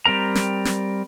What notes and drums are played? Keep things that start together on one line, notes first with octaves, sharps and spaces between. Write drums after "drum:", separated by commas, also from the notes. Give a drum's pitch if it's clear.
G3 C4 A#4 A#5
drum: snare
drum: snare